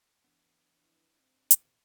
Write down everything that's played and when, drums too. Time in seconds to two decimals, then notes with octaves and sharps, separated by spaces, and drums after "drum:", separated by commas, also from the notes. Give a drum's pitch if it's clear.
0.24 E3 B3 D4
0.83 F3 E4 B4
1.20 G#2 C4
1.51 A#2 D#3 E3, drum: hi-hat